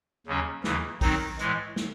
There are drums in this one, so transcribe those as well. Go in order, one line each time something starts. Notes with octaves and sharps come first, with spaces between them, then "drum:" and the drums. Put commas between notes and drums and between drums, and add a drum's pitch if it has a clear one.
D#2 C#3 F#3 C#4
D#2 C#3 E3, drum: snare
D#3 F#3 C4 D#4, drum: kick A#1, open hi-hat
A2 E3 G#3, drum: hi-hat
drum: snare